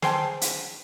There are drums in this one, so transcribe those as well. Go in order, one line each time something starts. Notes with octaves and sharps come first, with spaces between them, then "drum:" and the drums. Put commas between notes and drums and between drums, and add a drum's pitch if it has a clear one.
G#4 C5 G5 A5, drum: snare
drum: hi-hat